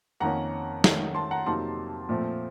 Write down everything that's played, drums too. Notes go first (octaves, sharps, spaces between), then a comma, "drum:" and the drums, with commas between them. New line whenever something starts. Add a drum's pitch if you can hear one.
F2 D#3 A#3 C#4 F#5 A#5
D#3 A3 C#4, drum: snare
A5 C6
F#5 A#5
F2 C3 F#3 A#3 D#4 A5 C6
A#2 F3 A3 C4